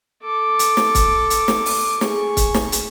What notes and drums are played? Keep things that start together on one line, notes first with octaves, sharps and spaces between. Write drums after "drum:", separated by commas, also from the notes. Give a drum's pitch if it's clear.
A4 D6
drum: hi-hat
drum: snare
drum: kick, hi-hat
drum: hi-hat
drum: snare
drum: open hi-hat
G#4 C#6, drum: snare
drum: kick, hi-hat
drum: snare
drum: hi-hat